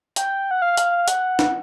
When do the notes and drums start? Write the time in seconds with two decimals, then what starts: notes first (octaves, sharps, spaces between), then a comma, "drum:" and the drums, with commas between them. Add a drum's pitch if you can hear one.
0.16 G5, drum: hi-hat
0.51 F#5
0.62 F5
0.77 drum: hi-hat
1.08 F#5, drum: hi-hat
1.39 drum: snare